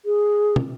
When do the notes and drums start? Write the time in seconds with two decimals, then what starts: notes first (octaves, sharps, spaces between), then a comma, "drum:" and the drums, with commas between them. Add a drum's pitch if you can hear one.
0.05 G#4
0.56 drum: tom